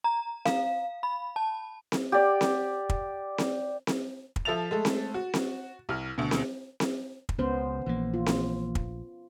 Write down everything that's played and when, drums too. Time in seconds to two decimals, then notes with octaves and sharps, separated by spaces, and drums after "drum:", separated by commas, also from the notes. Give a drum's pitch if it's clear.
0.04 A#5
0.45 F5, drum: snare C4
1.03 B5
1.36 A5
1.92 drum: snare C4
2.12 G4 D5
2.41 drum: snare C4
2.89 drum: kick
3.38 drum: snare C4
3.87 drum: snare C4
4.36 drum: kick
4.45 F3 A4 E5 A6 F7
4.71 G#3 A3 A4
4.85 drum: snare C4
5.14 F#4
5.34 drum: snare C4
5.89 C2 F6
6.18 D2 B2
6.31 drum: snare C4
6.80 drum: snare C4
7.29 drum: kick
7.39 C#2 C#3 B3 C#4 C5
7.86 A#1 E3 A#3
8.14 F4
8.26 drum: snare C4
8.75 drum: kick